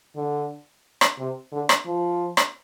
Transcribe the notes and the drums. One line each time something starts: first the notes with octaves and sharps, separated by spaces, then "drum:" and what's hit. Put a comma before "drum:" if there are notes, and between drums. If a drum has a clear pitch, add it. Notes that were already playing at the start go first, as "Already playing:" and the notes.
D3
drum: rim click
C3
D3
drum: rim click
F3
drum: rim click